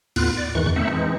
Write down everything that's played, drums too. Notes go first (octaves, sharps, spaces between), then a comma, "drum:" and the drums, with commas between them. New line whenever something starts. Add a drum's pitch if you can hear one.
D#2 A2 B3 F4 F#6, drum: cymbal
D5
E2 G#2 D#3 E3 C#6 F#6
drum: tom E2
A3 C4 D#4 E5 F#5
E3 G#3 C4 D#4